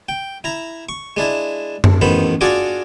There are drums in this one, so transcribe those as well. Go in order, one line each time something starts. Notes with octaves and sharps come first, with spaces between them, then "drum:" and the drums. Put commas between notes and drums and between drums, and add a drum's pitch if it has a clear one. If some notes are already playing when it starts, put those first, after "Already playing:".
G5
E4 A#5
C#6
G#3 D4 E4
drum: tom F#2
A1 D#3 B3 C5 B5
D4 F4 F#4 G#4 D5 D6